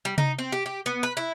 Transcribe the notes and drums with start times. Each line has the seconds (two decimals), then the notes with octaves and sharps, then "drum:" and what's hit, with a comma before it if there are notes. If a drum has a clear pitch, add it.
0.05 G3
0.18 D#4, drum: tom C3
0.39 C4
0.52 G4
0.66 G4
0.86 B3
1.03 B4
1.17 E4